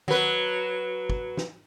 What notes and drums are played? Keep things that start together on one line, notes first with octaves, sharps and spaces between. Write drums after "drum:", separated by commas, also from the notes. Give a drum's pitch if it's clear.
F#3 B4, drum: tom
drum: kick
drum: snare